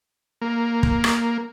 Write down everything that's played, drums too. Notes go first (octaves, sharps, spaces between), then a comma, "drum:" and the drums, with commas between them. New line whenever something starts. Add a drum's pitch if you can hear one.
A#3
drum: kick
drum: rim click